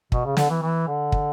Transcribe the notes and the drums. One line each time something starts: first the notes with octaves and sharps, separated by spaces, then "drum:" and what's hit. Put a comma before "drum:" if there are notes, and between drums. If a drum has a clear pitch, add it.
B2, drum: kick
C#3
D3, drum: snare
E3
E3
D3
drum: kick